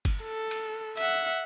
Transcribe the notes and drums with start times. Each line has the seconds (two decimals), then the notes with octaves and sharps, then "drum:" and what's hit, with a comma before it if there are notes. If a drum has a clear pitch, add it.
0.05 drum: kick, cymbal
0.23 A4
0.51 drum: cymbal
0.97 E5 F#5, drum: cymbal